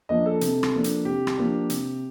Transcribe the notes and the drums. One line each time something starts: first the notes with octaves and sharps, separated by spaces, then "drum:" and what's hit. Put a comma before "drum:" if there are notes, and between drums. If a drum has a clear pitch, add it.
F3 A#3 D4 D#5
A4
C3, drum: hi-hat
drum: rim click
F3 A#3 D4
drum: hi-hat
C3 G4
drum: rim click
F3 A#3 D4
C3, drum: hi-hat